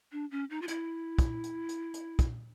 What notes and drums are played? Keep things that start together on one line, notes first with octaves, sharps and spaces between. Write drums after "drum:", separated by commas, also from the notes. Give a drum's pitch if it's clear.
D4
C#4
D#4
F4
E4, drum: hi-hat
drum: kick, hi-hat
drum: hi-hat
drum: hi-hat
drum: hi-hat
drum: kick, hi-hat